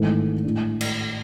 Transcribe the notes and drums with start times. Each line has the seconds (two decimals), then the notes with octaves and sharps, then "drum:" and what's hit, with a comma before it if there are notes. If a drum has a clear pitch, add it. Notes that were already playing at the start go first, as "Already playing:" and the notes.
Already playing: G#1 G#2 E3 A3
0.44 A2 G#3 D4
0.81 drum: cymbal